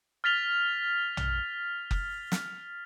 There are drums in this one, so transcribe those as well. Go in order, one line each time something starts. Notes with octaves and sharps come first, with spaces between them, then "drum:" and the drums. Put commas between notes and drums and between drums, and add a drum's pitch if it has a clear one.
F6 A6 B6 F7 G7
drum: tom A#1
drum: kick F#1
drum: snare